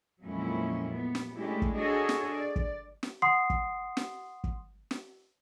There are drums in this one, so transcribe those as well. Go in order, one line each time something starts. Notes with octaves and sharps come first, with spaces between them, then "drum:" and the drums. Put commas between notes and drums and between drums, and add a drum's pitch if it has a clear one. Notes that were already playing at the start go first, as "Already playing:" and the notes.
F2 A#2 F#3 G#3 C#4 E4
B3
drum: snare
G#3 A3 C#4 D4 E4 G4
drum: kick
D4 F#4 G#4 A4 C#5 D#5
drum: snare
D5
drum: kick
drum: snare
F#5 C6 D#6 C7
drum: kick
drum: snare
drum: kick
drum: snare